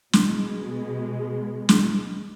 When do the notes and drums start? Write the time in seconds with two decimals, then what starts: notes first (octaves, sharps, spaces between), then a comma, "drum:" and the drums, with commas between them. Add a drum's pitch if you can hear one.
0.13 B2 G#3, drum: snare
1.69 drum: snare